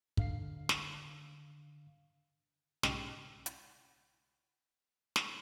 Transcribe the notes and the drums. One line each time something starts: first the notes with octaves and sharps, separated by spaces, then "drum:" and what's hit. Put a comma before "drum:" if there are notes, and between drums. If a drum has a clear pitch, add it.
D3 F5 C7, drum: kick
drum: snare
B1 G#2 C#3 G4 F6 C7, drum: snare
drum: hi-hat
drum: snare